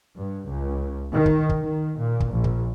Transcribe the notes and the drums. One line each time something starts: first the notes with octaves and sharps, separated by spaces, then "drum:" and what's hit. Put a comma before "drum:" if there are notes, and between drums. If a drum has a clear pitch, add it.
G2
C#2
D#3
drum: kick
drum: kick
D#3
A#2
drum: kick
A#1
drum: kick